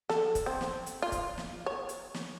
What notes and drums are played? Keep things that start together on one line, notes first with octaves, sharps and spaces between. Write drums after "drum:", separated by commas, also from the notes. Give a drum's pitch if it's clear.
A4, drum: snare
drum: kick, hi-hat
C4
drum: snare
drum: hi-hat
F4
drum: kick, hi-hat
drum: snare
C#5
drum: hi-hat
drum: snare